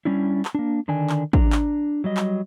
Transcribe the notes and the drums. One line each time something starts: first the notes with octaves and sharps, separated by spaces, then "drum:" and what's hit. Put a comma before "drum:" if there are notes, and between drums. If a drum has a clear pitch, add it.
G3 C#4 D4 E4
drum: clap
A#3 D4
D3 D#3 D4 G5 G#5
drum: clap
D4 A#5, drum: kick
drum: clap
F#3 G3 D#5
drum: clap